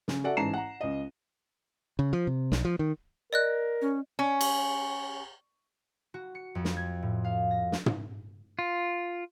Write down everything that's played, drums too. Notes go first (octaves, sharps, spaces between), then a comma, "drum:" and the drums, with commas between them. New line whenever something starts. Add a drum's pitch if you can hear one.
C#3, drum: snare
F#4 A4 D5 E5 F#5
A1 G#2 A5 A#5 C7 E7
F#5 A#5
C#2 D#5
C#3
F3
C3
B1, drum: snare
F3
D#3
A#4 D5 D#5 F#6
C#4
C#4
drum: cymbal
F#4
C#7
F2
drum: snare
G#6
A2
F5
A#6
drum: snare
drum: tom
F4